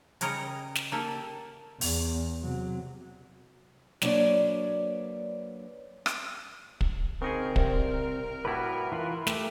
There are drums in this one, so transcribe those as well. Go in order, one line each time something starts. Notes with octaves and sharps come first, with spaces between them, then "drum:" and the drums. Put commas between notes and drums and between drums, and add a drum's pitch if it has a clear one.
C#3 G3 A#4 C#5 D#5, drum: hi-hat
drum: snare
A#3 G4 A4
E2, drum: open hi-hat
C3 F#3
F#3 A#3 D4 B4 C#5 D5, drum: snare
drum: rim click
drum: kick
C#3 C4 D#4 G#4 A#4
C2, drum: kick
A2 G3 E4 F#4 B4
E3 F4 B4
A3 G4 B4, drum: snare